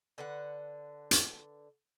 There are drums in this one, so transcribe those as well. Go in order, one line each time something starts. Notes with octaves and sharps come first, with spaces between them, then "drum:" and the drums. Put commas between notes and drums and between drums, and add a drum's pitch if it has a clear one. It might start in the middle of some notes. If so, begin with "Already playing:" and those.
D3 B4 F#5
drum: hi-hat